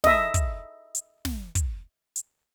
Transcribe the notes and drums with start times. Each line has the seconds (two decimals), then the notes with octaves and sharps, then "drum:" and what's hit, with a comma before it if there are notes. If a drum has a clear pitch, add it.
0.04 D#5 E5, drum: snare
0.34 drum: kick, hi-hat
0.95 drum: hi-hat
1.25 drum: snare
1.55 drum: kick, hi-hat
2.16 drum: hi-hat